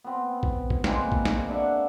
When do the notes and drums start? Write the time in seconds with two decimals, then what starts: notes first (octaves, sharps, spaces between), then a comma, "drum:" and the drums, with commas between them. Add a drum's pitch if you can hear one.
0.04 B3 C4
0.43 drum: kick A#1
0.70 drum: kick A#1
0.84 G#3 A#3 C4 B4, drum: snare
1.12 drum: kick A#1
1.25 drum: snare
1.49 D4 E5 F#5